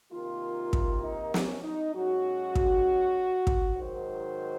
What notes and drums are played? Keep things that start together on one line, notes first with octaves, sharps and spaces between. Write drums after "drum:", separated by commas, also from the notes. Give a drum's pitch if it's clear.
C3 D#3 A#3 F4
drum: kick
D#4
C#4, drum: snare
D#4
G#2 F#3 C#4 F#4
drum: kick
drum: kick
G#2 D#3 F#3 C5